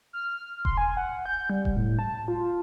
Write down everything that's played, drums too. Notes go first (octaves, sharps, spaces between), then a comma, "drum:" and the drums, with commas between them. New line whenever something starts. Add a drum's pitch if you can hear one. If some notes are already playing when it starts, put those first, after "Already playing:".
F6
C6, drum: kick E1
G#5
F#5
G6
G3
drum: kick E1
A2
A5
F4